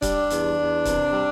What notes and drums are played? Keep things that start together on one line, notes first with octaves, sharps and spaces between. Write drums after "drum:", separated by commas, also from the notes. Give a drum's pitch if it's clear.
G3 D4, drum: kick, hi-hat
E2, drum: hi-hat
E2
C3, drum: kick, hi-hat
G3